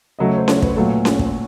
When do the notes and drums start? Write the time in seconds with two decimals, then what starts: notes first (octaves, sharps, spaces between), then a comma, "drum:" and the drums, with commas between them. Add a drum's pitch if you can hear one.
0.19 C#3 F#3 A3 D#5
0.29 C#5
0.38 C5
0.48 C#5, drum: snare C#4
0.62 B4, drum: kick
0.76 A#2 F#3 A3 A4
1.05 drum: snare C#4
1.19 drum: kick